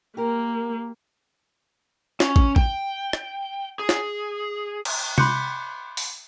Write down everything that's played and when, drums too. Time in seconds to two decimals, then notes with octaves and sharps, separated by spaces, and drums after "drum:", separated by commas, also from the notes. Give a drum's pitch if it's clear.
0.17 A#3 G4 A#4
2.20 C#4, drum: snare
2.36 drum: kick
2.56 G5, drum: kick
3.13 drum: rim click
3.79 G#4
3.89 drum: snare
4.85 drum: cymbal
5.18 B5 C6 D6 F#6 G6 C#7, drum: tom C3
5.97 drum: open hi-hat